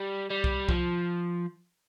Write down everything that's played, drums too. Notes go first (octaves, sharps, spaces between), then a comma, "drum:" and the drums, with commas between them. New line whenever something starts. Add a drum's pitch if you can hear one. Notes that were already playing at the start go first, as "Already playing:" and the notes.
Already playing: G3
G3
drum: kick
F3, drum: kick